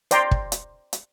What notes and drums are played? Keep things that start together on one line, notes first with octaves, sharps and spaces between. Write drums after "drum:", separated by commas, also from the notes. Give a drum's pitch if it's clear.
C5 D5 G5 A#5 C6, drum: hi-hat
drum: kick
drum: hi-hat
drum: hi-hat